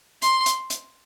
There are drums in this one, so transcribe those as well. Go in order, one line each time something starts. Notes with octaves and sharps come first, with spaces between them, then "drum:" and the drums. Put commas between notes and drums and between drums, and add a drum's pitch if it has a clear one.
C6, drum: hi-hat
drum: hi-hat
drum: hi-hat